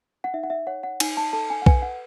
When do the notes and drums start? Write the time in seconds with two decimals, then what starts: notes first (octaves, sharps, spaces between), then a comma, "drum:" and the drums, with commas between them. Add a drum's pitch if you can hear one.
0.24 F#5
0.34 D#4 E5
0.43 F#5
0.50 E5
0.67 C#5 F#5
0.83 F#5
1.00 D#4 G#5, drum: cymbal
1.17 A5
1.33 A4 A5
1.50 G#5
1.62 F#5
1.66 B4 G#5, drum: kick B1
1.82 F#5